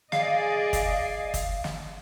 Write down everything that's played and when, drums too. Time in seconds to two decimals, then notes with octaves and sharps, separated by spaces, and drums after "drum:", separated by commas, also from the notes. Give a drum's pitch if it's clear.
0.12 G#4 D5 D#5 F5, drum: snare
0.73 drum: kick, hi-hat
1.34 drum: kick, hi-hat
1.64 drum: snare